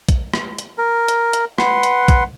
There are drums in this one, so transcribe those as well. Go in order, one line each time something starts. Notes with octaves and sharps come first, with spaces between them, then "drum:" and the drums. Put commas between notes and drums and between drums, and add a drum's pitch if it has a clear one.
drum: kick, hi-hat
drum: rim click
drum: hi-hat
A#4
drum: hi-hat
drum: hi-hat
B4 F#5 C6, drum: rim click
drum: hi-hat
drum: kick, hi-hat